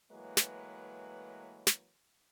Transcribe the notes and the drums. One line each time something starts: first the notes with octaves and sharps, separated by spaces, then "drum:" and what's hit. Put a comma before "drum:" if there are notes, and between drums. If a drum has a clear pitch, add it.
A2 E3 F#3 G#3 A#3 B4
drum: snare
drum: snare